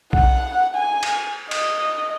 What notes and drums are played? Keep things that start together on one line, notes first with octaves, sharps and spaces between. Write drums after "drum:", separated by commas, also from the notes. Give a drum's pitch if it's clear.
F#5, drum: kick
G#5
drum: cymbal
D#5, drum: cymbal